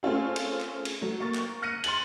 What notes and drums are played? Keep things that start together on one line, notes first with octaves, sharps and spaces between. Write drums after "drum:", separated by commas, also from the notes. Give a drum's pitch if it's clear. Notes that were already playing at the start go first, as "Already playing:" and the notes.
A3 C4 C#4 F4 G#4
drum: cymbal
drum: clap
drum: cymbal
F#3 A3
A#3 C#6 A6
drum: clap
F6 F#6 A#6 C#7 D#7
C6 A6 D#7 F#7, drum: cymbal